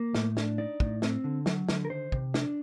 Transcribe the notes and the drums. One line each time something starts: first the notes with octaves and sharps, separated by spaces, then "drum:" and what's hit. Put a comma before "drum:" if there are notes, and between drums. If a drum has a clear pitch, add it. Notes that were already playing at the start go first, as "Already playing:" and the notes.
Already playing: A#3
A2, drum: snare
D4, drum: snare
D#4 D5
A2, drum: kick
C4, drum: snare
D3
F#3, drum: snare
D3, drum: snare
A#4
D#3 C5
C3, drum: kick
D4, drum: snare